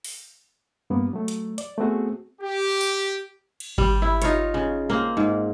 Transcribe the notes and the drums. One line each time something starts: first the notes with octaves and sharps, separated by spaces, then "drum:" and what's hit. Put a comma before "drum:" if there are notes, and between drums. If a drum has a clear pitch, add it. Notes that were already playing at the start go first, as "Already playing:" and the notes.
drum: open hi-hat
G2 A#3 B3
F#3 A3
drum: hi-hat
D5, drum: hi-hat
A3 B3 C4 F#4 G#4
G4
drum: tambourine
drum: cymbal
G3, drum: kick G#1
E4
D#4 F4 C#5, drum: hi-hat
C#3
A#3 C4
G#2